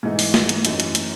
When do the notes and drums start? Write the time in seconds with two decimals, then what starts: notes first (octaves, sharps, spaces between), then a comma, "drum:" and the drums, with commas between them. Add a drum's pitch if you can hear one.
0.03 G#2 E3 A3 D#4
0.19 drum: open hi-hat
0.34 drum: snare
0.49 drum: hi-hat
0.65 F#2 E3 A3 D#4, drum: hi-hat
0.80 drum: hi-hat
0.95 drum: hi-hat